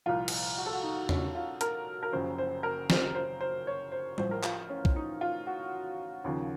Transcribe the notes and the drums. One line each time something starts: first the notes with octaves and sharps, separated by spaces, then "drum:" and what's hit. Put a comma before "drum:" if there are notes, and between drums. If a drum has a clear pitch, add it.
C2 A#2 F3 F4
drum: cymbal
F#4
A4
F#4
D#4
C#4, drum: tom E2
F4
A#4, drum: hi-hat
A#4
F#1 F#2 C#3 F3 C5
C5
A#4
C5, drum: snare
C5
C5
C#5
C5
A1 A2 F3 C5, drum: tom G3
A#4
F4, drum: clap
C#4
drum: kick
D#4
F4
F#4
D#2 C#3 F3